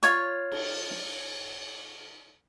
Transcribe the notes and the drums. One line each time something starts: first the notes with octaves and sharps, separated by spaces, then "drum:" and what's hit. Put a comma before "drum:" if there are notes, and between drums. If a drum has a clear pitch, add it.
F4 C#5 C#6, drum: hi-hat
drum: cymbal
drum: snare